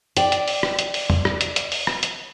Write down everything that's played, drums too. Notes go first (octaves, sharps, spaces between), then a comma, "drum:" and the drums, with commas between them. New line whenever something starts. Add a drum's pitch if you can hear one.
D5 G5, drum: hi-hat
drum: hi-hat
drum: open hi-hat
drum: rim click
drum: hi-hat
drum: open hi-hat
drum: tom E2
drum: rim click
drum: hi-hat
drum: hi-hat
drum: open hi-hat
drum: rim click
drum: hi-hat